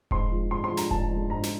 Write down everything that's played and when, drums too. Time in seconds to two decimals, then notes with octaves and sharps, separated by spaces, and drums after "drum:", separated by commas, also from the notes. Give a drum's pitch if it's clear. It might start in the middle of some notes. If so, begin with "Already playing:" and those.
0.11 G#2 C6, drum: kick E1
0.30 F3 G#3
0.51 G#2 C6
0.64 C6
0.71 F3 G#3
0.77 A#5, drum: snare
0.91 G#2 A5, drum: kick E1
1.11 F3 G#3
1.30 G#2 A#5
1.43 drum: snare